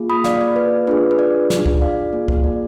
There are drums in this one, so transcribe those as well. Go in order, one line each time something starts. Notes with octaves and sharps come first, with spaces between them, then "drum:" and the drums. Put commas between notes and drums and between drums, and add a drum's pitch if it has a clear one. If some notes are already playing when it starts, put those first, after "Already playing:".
Already playing: A#3 F4 G#4
B5 D#6
D5 F5, drum: snare
D5
B4
D4 F4 G#4 B4
B4
D5
drum: snare
drum: kick
D5 F5
A#3 F4 G#4
drum: kick
D5